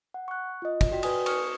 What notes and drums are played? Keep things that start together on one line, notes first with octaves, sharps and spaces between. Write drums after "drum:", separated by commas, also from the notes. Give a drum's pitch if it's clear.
F#5
C#6 F#6
F4 D#5
drum: kick, cymbal
F#4 D5 G5 B6
F#4 B4 D5 G#5 D#6, drum: cymbal
C#6 D#6 F6 C#7, drum: cymbal